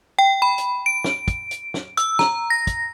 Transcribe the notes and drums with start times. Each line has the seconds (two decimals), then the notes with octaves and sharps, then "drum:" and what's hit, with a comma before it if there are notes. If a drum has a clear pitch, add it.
0.19 G5
0.42 B5
0.58 drum: hi-hat
0.86 D7
1.04 drum: snare
1.28 drum: kick, hi-hat
1.51 drum: hi-hat
1.74 drum: snare
1.97 E6, drum: hi-hat
2.19 A#5, drum: snare
2.50 A#6
2.67 drum: kick, hi-hat